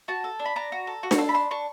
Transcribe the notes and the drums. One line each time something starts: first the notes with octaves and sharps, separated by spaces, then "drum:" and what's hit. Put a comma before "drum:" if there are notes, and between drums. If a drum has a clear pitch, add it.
F#4 A5
A4
D4
B5
D4 A#5
F#4
A4
F#4
C#6, drum: snare D4
A4 C6
B5
D4 C6
D4 C#6